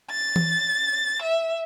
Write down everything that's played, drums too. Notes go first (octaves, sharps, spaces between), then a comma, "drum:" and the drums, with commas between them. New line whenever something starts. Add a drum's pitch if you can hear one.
A6
drum: tom E3
E5